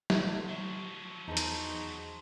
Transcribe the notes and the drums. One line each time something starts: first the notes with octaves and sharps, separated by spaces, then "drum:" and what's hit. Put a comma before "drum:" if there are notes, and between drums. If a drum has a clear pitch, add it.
drum: snare
F3 F#3
E2 D#4 G#4 C5 A5
drum: hi-hat